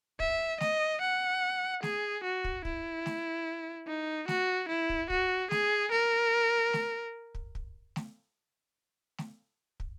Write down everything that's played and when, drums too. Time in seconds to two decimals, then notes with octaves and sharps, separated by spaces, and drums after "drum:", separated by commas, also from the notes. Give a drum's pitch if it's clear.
0.20 E5, drum: kick
0.60 D#5, drum: snare A3
1.01 F#5
1.83 G#4, drum: snare A3
2.24 F#4
2.44 drum: kick
2.65 E4, drum: kick
3.06 drum: snare A3
3.87 D#4
4.28 F#4, drum: snare A3
4.69 E4
4.89 drum: kick
5.10 F#4, drum: kick
5.51 G#4, drum: snare A3
5.92 A#4
6.73 drum: snare A3
7.35 drum: kick
7.55 drum: kick
7.96 drum: snare A3
9.18 drum: snare A3
9.80 drum: kick